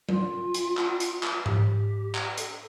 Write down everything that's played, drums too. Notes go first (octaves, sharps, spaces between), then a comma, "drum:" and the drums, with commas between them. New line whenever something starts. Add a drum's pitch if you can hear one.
F4, drum: tom F#3
drum: hi-hat
drum: clap
drum: hi-hat
drum: clap
G4, drum: tom G#2
drum: clap
A4, drum: hi-hat